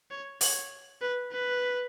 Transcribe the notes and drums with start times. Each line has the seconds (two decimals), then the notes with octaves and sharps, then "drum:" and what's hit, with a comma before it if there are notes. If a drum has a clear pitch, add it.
0.11 C#5
0.41 C#5, drum: open hi-hat
1.01 B4
1.31 B4